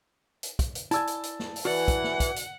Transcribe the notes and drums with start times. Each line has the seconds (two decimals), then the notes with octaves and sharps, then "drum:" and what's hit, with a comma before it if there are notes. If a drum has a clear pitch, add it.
0.43 drum: hi-hat
0.59 drum: kick, hi-hat
0.75 drum: hi-hat
0.91 E4 D5 G#5 A5 E6, drum: hi-hat
1.07 drum: hi-hat
1.23 drum: hi-hat
1.40 drum: snare
1.56 drum: open hi-hat
1.65 E3 F#4 D5 F#5
1.88 drum: kick, hi-hat
2.04 drum: snare
2.20 drum: kick, hi-hat
2.36 drum: hi-hat